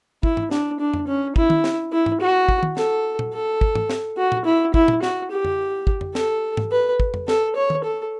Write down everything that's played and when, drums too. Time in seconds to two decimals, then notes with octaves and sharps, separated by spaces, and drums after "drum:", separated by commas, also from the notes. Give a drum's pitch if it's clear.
0.23 E4, drum: kick
0.37 drum: tom G#2
0.51 D4, drum: snare
0.80 D4
0.94 drum: tom F2
1.07 C#4
1.36 E4, drum: kick
1.50 drum: tom D#3
1.64 drum: snare
1.92 E4
2.06 drum: tom G#2
2.20 F#4
2.49 drum: kick
2.63 drum: tom D#3
2.77 A4, drum: snare
3.19 drum: tom A#2
3.33 A4
3.61 drum: kick
3.75 drum: tom G#2
3.90 drum: snare
4.18 F#4
4.32 drum: tom A#2
4.45 E4
4.74 E4, drum: kick
4.88 drum: tom A#2
5.03 F#4, drum: snare
5.31 G4
5.45 drum: tom F2
5.87 drum: kick
6.01 drum: tom F2
6.15 A4, drum: snare
6.57 drum: tom G#2
6.71 B4
7.00 drum: kick
7.14 drum: tom F2
7.28 A4, drum: snare
7.56 C#5
7.70 drum: tom D#3
7.84 A4